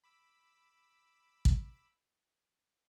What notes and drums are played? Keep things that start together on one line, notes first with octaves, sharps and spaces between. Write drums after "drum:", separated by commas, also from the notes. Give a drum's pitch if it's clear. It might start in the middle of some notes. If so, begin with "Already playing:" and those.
B5 D6 E6
drum: kick